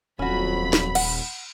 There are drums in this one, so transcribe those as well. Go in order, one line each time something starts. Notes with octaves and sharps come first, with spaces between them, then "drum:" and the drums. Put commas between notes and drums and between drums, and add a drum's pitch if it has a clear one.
D#1 F2 F3 F#3 C#4 F#4 B5
drum: snare
F#5, drum: cymbal